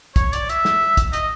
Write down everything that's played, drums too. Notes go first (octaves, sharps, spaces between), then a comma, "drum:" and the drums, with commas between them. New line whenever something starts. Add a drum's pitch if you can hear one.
C#5, drum: kick, hi-hat
D5, drum: hi-hat
E5, drum: hi-hat
drum: snare
drum: kick, hi-hat
D#5, drum: hi-hat